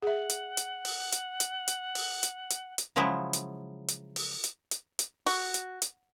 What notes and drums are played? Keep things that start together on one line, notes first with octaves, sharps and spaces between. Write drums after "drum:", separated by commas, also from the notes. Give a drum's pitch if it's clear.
G#4 E5 F#5
drum: hi-hat
drum: hi-hat
drum: open hi-hat
drum: hi-hat
drum: hi-hat
drum: hi-hat
drum: open hi-hat
drum: hi-hat
drum: hi-hat
drum: hi-hat
C#3 F3 F#3 G#3 E4
drum: hi-hat
drum: hi-hat
drum: open hi-hat
drum: hi-hat
drum: hi-hat
drum: hi-hat
F#4, drum: open hi-hat
drum: hi-hat
drum: hi-hat